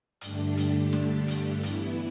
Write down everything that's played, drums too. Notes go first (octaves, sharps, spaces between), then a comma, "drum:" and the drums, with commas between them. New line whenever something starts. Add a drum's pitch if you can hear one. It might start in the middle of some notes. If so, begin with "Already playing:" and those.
G2 D3 A3 D4 G4, drum: hi-hat
drum: hi-hat
drum: snare
drum: hi-hat
E3 B3 E4, drum: hi-hat